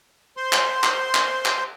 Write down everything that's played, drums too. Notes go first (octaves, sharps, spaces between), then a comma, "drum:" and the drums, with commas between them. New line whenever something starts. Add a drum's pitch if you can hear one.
C5 C6
drum: clap
drum: clap
drum: clap
drum: clap